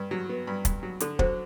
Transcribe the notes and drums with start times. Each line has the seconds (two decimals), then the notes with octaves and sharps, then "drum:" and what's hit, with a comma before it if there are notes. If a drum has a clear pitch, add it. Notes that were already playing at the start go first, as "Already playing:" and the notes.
Already playing: G2
0.11 F#3
0.29 B3
0.47 G2
0.65 G2, drum: kick, hi-hat
0.83 F#3
1.00 D3 A4, drum: hi-hat
1.19 F#3 C5, drum: kick